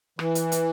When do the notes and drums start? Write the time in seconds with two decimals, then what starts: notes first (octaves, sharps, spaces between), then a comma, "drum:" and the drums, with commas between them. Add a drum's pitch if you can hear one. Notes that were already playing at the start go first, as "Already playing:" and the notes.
0.19 E3, drum: rim click
0.35 drum: hi-hat
0.52 drum: hi-hat